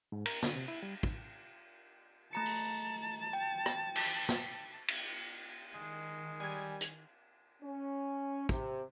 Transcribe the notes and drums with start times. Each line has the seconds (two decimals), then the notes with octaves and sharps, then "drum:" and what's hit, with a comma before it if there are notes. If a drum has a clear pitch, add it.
0.12 G#2
0.26 A#4, drum: cymbal
0.42 D3, drum: snare
0.56 C3
0.68 E4
0.83 G3
1.03 drum: kick
2.33 A3 A5 A#5 C#7
2.46 drum: open hi-hat
3.33 G5
3.66 drum: rim click
3.96 drum: cymbal
4.29 drum: snare
4.88 drum: cymbal
5.75 D#3 G#3
6.40 G3 G#5 G#6
6.81 drum: hi-hat
7.62 C#4
8.49 C3, drum: kick